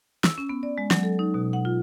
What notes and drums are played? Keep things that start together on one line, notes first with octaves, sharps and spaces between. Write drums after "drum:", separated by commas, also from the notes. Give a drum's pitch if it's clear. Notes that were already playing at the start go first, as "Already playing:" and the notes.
E6, drum: snare
C#4
B3
D5
G#3
F#3, drum: snare
A4
D#4
B2
F#5
F4